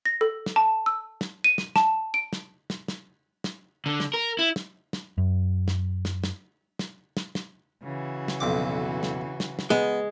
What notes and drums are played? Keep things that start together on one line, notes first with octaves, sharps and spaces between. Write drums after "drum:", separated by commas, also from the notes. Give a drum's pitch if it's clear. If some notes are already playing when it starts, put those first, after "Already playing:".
A#6
A4
drum: snare
A5
E6
drum: snare
D#7
drum: snare
A5, drum: snare
D7
drum: snare
drum: snare
drum: snare
drum: snare
D3
drum: snare
A#4
E4
drum: snare
drum: snare
F#2
drum: snare
drum: snare
drum: snare
drum: snare
drum: snare
drum: snare
C#3 E3 F#4
drum: snare
B1 F2 D6
drum: snare
drum: snare
drum: snare
G#3 B3